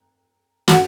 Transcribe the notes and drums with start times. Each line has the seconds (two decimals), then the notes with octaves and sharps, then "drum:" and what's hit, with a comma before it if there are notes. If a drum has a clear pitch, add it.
0.68 F#4, drum: snare